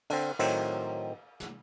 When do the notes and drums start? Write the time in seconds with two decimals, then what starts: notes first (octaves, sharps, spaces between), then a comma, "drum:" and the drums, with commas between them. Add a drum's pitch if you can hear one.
0.10 D3 C4, drum: cymbal
0.39 A2 D#3 F#3 C4, drum: cymbal
1.40 drum: snare